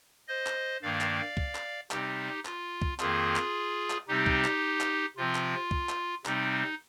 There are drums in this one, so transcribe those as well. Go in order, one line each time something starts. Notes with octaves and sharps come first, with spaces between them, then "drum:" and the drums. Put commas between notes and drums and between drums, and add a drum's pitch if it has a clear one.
C5 D#5
drum: clap
G2 D#3 A#3 D5 F5
drum: clap
drum: kick C2
drum: clap
C3 G3 C4 D#4 G4, drum: clap
F4, drum: clap
drum: kick C2
F2 D#3 A#3 F4 G#4, drum: clap
drum: clap
drum: clap
C3 G3 C4 D#4 G4
drum: kick C2
drum: clap
drum: clap
C3 F3 C4 F4
drum: clap
drum: kick C2
drum: clap
C3 G3 C4 D#4, drum: clap